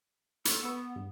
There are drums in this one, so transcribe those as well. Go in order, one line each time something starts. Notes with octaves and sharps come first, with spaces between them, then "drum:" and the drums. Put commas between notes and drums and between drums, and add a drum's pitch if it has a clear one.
A4 B5 F6 A6, drum: hi-hat
B3 B4 C#6 E6
G2